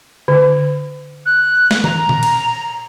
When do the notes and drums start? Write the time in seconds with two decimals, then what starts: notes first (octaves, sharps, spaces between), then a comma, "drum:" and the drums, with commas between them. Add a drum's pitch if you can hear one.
0.28 D3
1.26 F#6
1.71 drum: snare
1.84 A#5, drum: tom D#3
2.09 drum: tom A#2
2.23 drum: cymbal